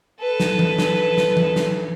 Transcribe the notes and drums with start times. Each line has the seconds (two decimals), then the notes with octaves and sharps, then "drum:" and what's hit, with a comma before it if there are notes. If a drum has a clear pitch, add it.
0.20 A4 B4
0.40 drum: snare
0.59 drum: tom E3
0.79 drum: snare
1.17 drum: snare
1.37 drum: tom E3
1.56 drum: snare